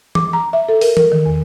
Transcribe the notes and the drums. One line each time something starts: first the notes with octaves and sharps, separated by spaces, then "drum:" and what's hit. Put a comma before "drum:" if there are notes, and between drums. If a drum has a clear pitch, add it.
D6, drum: tom E3
A#5
E5
A4
A#4, drum: open hi-hat
A#4, drum: tom E3
D#3
E2